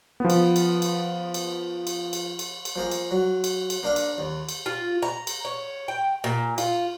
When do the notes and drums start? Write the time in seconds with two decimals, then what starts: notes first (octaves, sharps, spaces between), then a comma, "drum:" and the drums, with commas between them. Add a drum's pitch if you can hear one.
0.20 F3 B3
0.30 drum: cymbal
0.56 drum: cymbal
0.82 drum: cymbal
1.34 drum: cymbal
1.87 drum: cymbal
2.13 drum: cymbal
2.39 drum: cymbal
2.65 drum: cymbal
2.76 F3 A#3 G#4
2.91 drum: cymbal
3.11 F#3
3.44 drum: cymbal
3.70 drum: cymbal
3.83 A#3 D4 A#4
3.96 drum: cymbal
4.18 D#2
4.49 drum: cymbal
4.66 F4
5.02 A#5
5.27 drum: cymbal
5.45 C#5
5.88 G5
6.24 A#2
6.58 F4, drum: cymbal